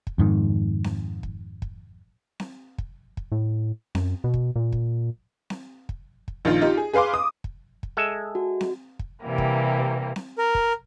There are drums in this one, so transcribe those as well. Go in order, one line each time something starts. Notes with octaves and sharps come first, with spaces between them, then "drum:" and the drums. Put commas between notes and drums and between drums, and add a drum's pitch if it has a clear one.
drum: kick
F2 G#2 D#3
drum: snare C4
drum: kick
drum: kick
drum: snare C4
drum: kick
drum: kick
A2
F#2, drum: snare C4
B2
drum: kick
A#2
drum: kick
drum: snare C4
drum: kick
drum: kick
A#1 D#3 F4
D#4 F4 G4
G#4
G#4 B4 F5 C6 D6
D#6
drum: kick
drum: kick
G#3 A4 E5
F#4
drum: snare C4
drum: kick
C3 E3 G3 A#3
drum: kick
drum: snare C4
A#4
drum: kick